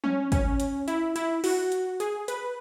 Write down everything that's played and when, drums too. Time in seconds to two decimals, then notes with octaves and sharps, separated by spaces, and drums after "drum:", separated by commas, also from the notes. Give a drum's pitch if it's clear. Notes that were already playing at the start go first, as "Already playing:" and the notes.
0.04 C#4, drum: tom F3
0.32 C#4, drum: kick, hi-hat
0.60 drum: hi-hat
0.88 E4, drum: hi-hat
1.16 E4, drum: hi-hat
1.44 F#4, drum: open hi-hat
1.72 drum: hi-hat
2.00 G#4, drum: hi-hat
2.28 B4, drum: hi-hat